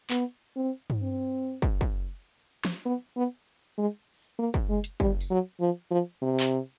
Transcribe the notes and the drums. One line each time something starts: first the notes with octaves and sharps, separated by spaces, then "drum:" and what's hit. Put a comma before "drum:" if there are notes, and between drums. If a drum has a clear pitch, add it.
B3, drum: clap
C4
drum: tom G2
C4
drum: kick
drum: kick
drum: snare
B3
B3
G#3
A#3
drum: kick
G#3
drum: hi-hat
G3, drum: kick
drum: tambourine
F#3
F3
F3
C3
drum: clap